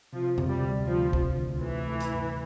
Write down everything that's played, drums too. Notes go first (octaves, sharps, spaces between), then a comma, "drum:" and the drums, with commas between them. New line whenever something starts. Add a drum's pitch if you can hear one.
C3 F3
C3, drum: tom
G3
D2
D2 F3
C3, drum: kick
D2
E3 A3
A3
drum: hi-hat
G2